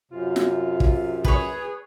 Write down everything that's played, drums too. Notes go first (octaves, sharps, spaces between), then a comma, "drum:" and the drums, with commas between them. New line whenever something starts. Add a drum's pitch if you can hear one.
F#2 C3 F4
drum: snare
drum: kick
G#4 B4 C#5, drum: kick